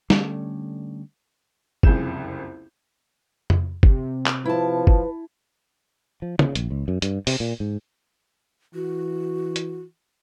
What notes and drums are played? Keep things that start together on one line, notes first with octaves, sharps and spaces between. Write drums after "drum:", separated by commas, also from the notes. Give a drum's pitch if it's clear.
D3 G3 A3 C#4, drum: snare
F#1 C2 F2 G#4 G6 E7, drum: kick
drum: tom F2
C3, drum: kick
drum: clap
F3 E4 B4 A5
drum: kick
F3
C#3, drum: tom
A#1, drum: hi-hat
C#2
F#2
G2, drum: hi-hat
C3, drum: open hi-hat
A#2
G#2
E3 F#4
drum: hi-hat